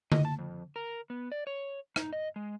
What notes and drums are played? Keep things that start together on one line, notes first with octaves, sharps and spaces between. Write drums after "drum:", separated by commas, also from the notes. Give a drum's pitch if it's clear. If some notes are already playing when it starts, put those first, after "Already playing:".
D#5, drum: tom D3
A5
F2
A#4
B3
D5
C#5
D#4, drum: rim click
D#5
G#3